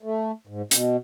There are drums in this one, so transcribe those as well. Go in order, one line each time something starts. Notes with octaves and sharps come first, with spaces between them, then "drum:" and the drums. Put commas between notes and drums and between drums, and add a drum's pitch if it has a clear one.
A3
G#2
B2, drum: hi-hat